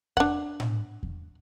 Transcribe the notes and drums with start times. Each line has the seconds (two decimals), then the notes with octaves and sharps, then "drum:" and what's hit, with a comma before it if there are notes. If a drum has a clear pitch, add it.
0.17 D4 F#5, drum: kick E2
0.60 drum: tom A2
1.03 drum: kick E2